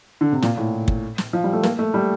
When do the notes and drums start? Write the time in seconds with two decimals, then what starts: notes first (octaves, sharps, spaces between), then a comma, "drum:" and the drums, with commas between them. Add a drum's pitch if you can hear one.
0.21 D3
0.32 C3
0.42 A#2, drum: snare
0.58 A2
0.88 drum: kick
1.18 drum: snare
1.33 F3
1.44 G3
1.53 A3
1.63 A#3, drum: snare
1.79 A3
1.94 G3